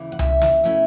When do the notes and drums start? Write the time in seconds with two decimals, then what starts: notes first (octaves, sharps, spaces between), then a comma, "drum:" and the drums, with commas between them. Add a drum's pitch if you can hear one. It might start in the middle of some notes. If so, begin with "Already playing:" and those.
Already playing: D#2 C#3 E3
0.12 F#5
0.19 E5, drum: tom C2
0.41 drum: snare
0.64 B2 A3 C#4 E4 E5